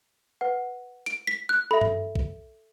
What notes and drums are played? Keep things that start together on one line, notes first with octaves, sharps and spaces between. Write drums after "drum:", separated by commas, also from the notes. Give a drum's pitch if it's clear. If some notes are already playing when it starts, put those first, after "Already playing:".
B4 F#5
D7, drum: hi-hat
B6
F#6
A4 E5 B5
drum: tom G2
drum: kick A#1